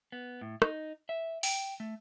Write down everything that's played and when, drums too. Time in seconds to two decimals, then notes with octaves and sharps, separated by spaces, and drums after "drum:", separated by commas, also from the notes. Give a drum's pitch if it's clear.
0.12 B3
0.41 A2
0.62 D#4, drum: rim click
1.09 E5
1.43 G5, drum: open hi-hat
1.80 A3